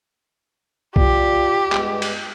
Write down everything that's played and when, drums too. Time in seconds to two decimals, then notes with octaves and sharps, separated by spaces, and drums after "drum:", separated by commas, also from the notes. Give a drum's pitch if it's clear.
0.96 F4 G4 D5, drum: kick B1
1.72 G2 G#3 B3, drum: clap
2.02 drum: cymbal